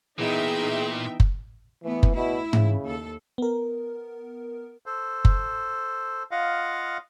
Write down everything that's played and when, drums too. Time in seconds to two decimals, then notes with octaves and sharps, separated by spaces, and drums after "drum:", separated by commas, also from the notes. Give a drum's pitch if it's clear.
0.19 A#2 E3 B3 D#4 G#4 D#5 E5 G5
1.20 drum: kick F#1
1.83 E3 A3 B3
2.03 drum: kick F#1
2.16 B2 E4
2.53 C#3, drum: tom G#2
2.83 D#2 A4
3.38 B3 A#4
4.86 A4 C5
5.25 drum: kick F#1
6.31 F4 D#5 F5 F#5